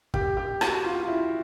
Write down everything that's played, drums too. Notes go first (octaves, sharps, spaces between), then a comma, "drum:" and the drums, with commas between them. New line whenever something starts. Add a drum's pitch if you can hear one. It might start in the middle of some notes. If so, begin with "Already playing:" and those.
G4, drum: kick
G4
F#4, drum: rim click
F4
F4
E4